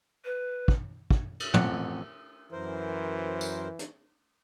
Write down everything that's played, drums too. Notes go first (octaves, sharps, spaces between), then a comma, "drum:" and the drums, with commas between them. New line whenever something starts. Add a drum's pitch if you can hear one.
B4
drum: kick
drum: kick
drum: cymbal
A1 F2 F#5, drum: tom
F#2 E3 A#4 C5
drum: tambourine
drum: hi-hat